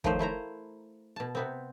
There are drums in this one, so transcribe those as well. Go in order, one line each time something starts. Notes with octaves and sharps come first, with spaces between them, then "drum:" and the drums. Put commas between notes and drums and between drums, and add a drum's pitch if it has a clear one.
D#3 F3 F#3 A3 C5, drum: kick
A3 E4 C5 A#5
B2 A5
C3 B3 C4